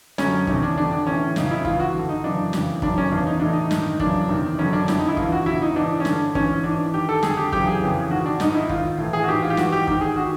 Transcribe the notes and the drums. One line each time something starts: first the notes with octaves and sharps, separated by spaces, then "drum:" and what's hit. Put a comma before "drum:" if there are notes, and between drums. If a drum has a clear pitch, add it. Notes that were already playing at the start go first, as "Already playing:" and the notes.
F#2 D3 C#4, drum: snare
E2 C3 D#3 C#4, drum: kick
D4
F2 D3 D4
D4
A2 E3 C#4
F2 C#3 E3 D#4, drum: snare
E4
G2 E3 F4, drum: kick
F#4
G2 D3
D#4
F#2 C#3 E3 D4
F2 C#3 E3, drum: snare
F#2 D#3 D4, drum: kick
C#4
E2 C#3 E3 D4
D#4
A2 E3 D4
D#4
G2 D#3, drum: snare
F#2 C#3 E3 D4, drum: kick
E2 C3 D#3
F#2 D3 C#4
D4
F2 D3 E4, drum: snare
D#4
E4
G2 E3 F4, drum: kick
F#4
E2 C#3 E3 E4
D#4
G#2 E3 D4
C#4
G2 D3 D4, drum: snare
G#2 E3 C#4, drum: kick
G#2 E3 D4
G2 D#3 G4
A4
F2 D3 G#4, drum: snare
G4
F#2 C#3 E3 G4, drum: kick
G#4
F2 C#3 E3
G#2 D#3 F#4
D4
G#2 D#3 D#4, drum: snare
E4
G#2 D#3 F4, drum: kick
A2 E3
G#4
F#4
G#2 E3 G4
F4
G4
G#2 E3 F#4, drum: snare
G4
G#2 D#3 G4, drum: kick
G#4
D#3 F#4